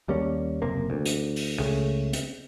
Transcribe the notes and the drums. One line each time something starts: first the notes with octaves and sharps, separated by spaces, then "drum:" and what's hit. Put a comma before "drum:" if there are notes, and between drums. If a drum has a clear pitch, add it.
D#2 G3 A#3 C#4
F#1 C3 A#3
D2
drum: hi-hat
drum: open hi-hat
C#2 C#3 A3
drum: hi-hat